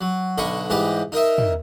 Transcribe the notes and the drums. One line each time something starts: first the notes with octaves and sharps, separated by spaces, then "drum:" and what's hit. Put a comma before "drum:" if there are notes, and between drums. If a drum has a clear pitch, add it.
F#3
B1 D3 D#5 B5 C#6
G#2 E3 G3 G4 D#5
D#4 A#4 D#5 E5
drum: tom